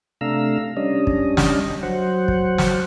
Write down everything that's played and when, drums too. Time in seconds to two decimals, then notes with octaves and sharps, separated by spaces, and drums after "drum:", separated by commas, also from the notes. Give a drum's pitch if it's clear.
0.21 C3 A3 D4 F5 A#5 E6
0.77 G3 C#4 D4 D#5
1.07 drum: kick
1.37 drum: snare
1.83 F#3 C5 F#5
2.28 drum: kick
2.58 drum: snare